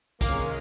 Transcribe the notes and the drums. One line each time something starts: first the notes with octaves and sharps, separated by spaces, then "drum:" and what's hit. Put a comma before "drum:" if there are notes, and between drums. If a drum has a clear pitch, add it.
C3 D#3 G#3 A#3 C#4 F4, drum: kick, hi-hat